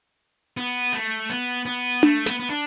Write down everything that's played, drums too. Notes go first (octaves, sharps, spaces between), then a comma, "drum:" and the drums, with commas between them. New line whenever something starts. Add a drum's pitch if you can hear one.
B3
A3
B3, drum: hi-hat
B3
A3, drum: tom D4
B3, drum: snare
B3
D4